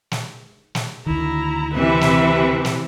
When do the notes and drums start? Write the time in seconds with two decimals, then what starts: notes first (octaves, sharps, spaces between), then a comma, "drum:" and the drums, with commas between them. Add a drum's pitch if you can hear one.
0.11 drum: snare
0.75 drum: snare
1.06 D2 D#3 E4 A#5
1.74 C3 E3 B4 E5
2.01 drum: snare
2.65 drum: snare